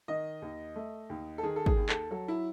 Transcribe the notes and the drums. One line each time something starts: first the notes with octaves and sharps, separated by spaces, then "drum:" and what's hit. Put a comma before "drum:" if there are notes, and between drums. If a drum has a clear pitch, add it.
D#3 D#5
D#2
A3
D#2
A4
D#3 G#4
A4
G#4, drum: kick
D#2
A4, drum: clap
F#3 A4
E4